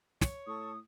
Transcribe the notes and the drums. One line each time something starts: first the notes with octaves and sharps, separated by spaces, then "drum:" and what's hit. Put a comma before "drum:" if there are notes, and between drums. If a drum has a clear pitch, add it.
C#5, drum: snare
A2 A4 C#6 D#6